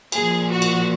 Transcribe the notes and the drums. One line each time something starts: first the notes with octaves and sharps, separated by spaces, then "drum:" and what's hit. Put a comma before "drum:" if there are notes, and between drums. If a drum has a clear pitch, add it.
A#2 F3 G#4, drum: cymbal
F#4
drum: cymbal